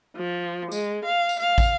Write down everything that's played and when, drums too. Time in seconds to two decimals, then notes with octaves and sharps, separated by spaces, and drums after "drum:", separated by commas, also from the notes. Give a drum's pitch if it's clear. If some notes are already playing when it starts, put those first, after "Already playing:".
0.16 F3
0.72 G#3, drum: tambourine
1.05 F5
1.29 drum: tambourine
1.39 F5
1.58 drum: kick, tambourine